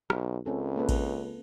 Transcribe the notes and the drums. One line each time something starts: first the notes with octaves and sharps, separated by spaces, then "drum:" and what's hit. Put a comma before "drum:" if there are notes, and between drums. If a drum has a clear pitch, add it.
B1, drum: rim click
C#2 C4 C#4 A4
A#3 A4 B4
drum: kick A1, cymbal